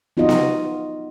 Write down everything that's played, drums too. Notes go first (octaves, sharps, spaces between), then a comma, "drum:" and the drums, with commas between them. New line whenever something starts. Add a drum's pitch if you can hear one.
B3 D#4 F4 F#4 D#5
drum: snare B3